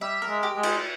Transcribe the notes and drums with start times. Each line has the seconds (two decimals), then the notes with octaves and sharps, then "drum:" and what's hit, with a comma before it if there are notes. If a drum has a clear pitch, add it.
0.01 G3 E5
0.22 A#4
0.29 G#3
0.43 G4
0.56 G#3
0.63 E4, drum: cymbal